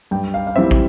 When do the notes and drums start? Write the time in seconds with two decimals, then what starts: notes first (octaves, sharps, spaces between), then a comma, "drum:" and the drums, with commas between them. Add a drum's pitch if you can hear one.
0.11 G2 G5
0.34 F5
0.47 F5
0.56 E3 G3 C4 E5
0.71 drum: kick